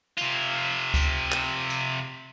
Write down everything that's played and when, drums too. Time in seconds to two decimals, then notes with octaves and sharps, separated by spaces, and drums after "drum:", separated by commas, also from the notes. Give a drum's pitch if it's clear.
0.17 C3 F4, drum: tambourine
0.94 drum: kick C#2, tambourine
1.32 drum: clap
1.70 drum: tambourine